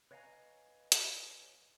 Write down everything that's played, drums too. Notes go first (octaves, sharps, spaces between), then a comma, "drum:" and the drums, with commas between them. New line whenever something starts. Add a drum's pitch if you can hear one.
B4 C#5 D#5 F5 G#5 A#5
drum: hi-hat